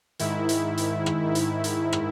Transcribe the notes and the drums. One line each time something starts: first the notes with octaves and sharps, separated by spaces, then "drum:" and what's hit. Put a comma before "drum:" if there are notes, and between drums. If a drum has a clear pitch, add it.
G#2 D#3 E4, drum: hi-hat
drum: hi-hat
drum: hi-hat
drum: rim click
drum: hi-hat
drum: hi-hat
drum: rim click